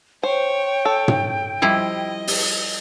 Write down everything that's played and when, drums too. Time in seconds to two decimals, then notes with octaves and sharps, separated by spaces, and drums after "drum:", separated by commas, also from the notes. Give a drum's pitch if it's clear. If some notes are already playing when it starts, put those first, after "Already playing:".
0.23 C5 C#5 G5
0.85 A4
1.08 drum: tom
1.62 F3 G3 E4 D#5
2.27 drum: open hi-hat